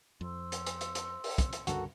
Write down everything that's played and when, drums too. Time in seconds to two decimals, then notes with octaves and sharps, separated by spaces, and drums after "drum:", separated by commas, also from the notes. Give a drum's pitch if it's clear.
0.21 F2 C5 C6 E6
0.52 drum: hi-hat
0.66 drum: hi-hat
0.81 drum: hi-hat
0.95 drum: hi-hat
1.24 drum: open hi-hat
1.38 drum: kick, hi-hat
1.53 drum: hi-hat
1.67 C#2 G2 D3 F#4 A4 A#4, drum: hi-hat